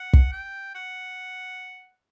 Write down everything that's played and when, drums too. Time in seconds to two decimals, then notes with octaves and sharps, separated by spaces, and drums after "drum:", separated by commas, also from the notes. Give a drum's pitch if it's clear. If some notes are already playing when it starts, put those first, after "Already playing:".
Already playing: F#5
0.13 drum: kick
0.32 G5
0.75 F#5